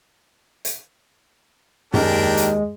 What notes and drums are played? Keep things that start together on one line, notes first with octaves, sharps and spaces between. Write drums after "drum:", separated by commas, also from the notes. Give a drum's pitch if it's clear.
drum: hi-hat
D#2 G#3 D4 G4 A#4, drum: tom F#2
drum: hi-hat